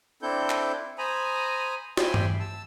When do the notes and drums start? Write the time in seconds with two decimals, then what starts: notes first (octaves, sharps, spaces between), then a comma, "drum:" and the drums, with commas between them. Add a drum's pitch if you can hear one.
0.22 C4 D4 E4 A4 G6
0.50 drum: clap
0.98 C5 G#5 A#5 B5 D#6
1.97 C5 E5 G5 G#5 B5 C6, drum: snare
2.14 drum: tom
2.40 A5 E6